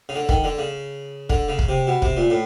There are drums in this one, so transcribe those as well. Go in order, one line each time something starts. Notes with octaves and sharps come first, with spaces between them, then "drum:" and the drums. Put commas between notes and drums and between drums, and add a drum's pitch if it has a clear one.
C#3
D3
D#3, drum: kick
D3
C#3
D3, drum: kick
C#3
drum: kick
C3
B2
C3, drum: kick
A#2
A2